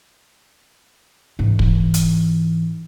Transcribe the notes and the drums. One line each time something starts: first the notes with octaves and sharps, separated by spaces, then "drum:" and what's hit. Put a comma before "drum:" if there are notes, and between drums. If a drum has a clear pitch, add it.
G#2 E3
drum: kick
drum: hi-hat